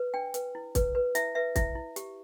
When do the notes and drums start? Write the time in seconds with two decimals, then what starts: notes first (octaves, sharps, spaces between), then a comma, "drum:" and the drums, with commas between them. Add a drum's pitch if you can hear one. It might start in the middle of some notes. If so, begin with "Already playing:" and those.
Already playing: B4
0.14 D4 G5
0.34 B4, drum: hi-hat
0.55 E4
0.75 B4, drum: kick, hi-hat
0.95 B4
1.15 E4 E5, drum: hi-hat
1.35 B4 E5
1.56 E4 E5, drum: kick, hi-hat
1.75 E4
1.96 G4, drum: hi-hat